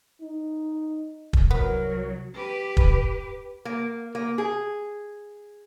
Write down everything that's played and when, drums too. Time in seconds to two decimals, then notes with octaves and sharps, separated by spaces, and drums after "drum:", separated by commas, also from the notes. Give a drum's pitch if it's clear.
0.22 D#4
1.33 drum: kick
1.51 C2 F#3 B3 A#4
2.33 G4 B4
2.77 drum: kick
3.65 A#3
4.15 A#3
4.38 G#4